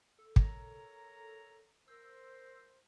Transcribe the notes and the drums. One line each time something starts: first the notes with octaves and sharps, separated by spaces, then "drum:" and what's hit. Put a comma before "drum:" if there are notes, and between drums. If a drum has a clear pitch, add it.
A4
A#4 C#5 A#5, drum: kick
A#4 C5 E6